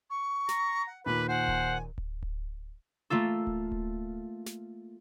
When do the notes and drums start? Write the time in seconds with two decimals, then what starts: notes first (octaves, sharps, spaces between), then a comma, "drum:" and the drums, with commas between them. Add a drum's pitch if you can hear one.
0.10 C#6
0.49 A#5, drum: snare
0.87 F#5
1.06 D#2 A#2 B4 B5 D6
1.28 C5 F#5 G#5
1.48 drum: kick D1
1.98 drum: kick D1
2.23 drum: kick D1
3.10 A3 A#3 F4 A4
3.47 drum: kick D1
3.72 drum: kick D1
4.46 drum: snare